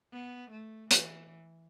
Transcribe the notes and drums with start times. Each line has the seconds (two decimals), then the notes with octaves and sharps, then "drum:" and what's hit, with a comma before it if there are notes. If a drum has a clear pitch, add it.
0.12 B3
0.51 A3
0.91 E3, drum: hi-hat